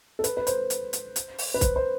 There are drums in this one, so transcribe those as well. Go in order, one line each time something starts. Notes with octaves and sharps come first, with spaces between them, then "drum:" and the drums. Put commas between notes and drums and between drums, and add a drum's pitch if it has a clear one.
A4
B4, drum: hi-hat
B4
C5, drum: hi-hat
drum: hi-hat
drum: hi-hat
drum: hi-hat
drum: open hi-hat
B4
C5, drum: kick C2, hi-hat
C5